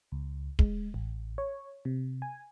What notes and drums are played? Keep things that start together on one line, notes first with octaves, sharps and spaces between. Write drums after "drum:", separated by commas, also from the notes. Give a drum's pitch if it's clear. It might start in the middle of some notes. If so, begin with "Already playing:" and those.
C#2
G#3, drum: kick
A1
C#5
C3
G#5